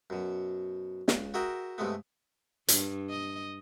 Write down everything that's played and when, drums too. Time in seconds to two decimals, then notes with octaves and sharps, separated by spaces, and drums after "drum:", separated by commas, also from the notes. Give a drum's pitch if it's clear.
0.10 F#2 B2
1.08 C#2, drum: snare
1.34 F#4 G#4 A#4 E5 F#5 G5
1.78 G2 C3 G#3 A3 B3
2.68 G2, drum: hi-hat
3.09 D#5